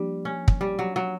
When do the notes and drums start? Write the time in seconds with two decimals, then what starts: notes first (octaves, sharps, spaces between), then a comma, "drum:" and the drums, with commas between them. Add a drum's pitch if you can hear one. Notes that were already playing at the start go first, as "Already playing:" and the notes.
Already playing: F3 G3 A#3 D4 G4
0.25 C#4
0.48 drum: kick
0.61 G3
0.79 F#3
0.96 F#3